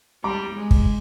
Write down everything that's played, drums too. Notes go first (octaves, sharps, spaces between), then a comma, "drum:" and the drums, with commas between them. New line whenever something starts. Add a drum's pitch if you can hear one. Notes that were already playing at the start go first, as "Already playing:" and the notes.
G3 A#5 D6
G#3
drum: kick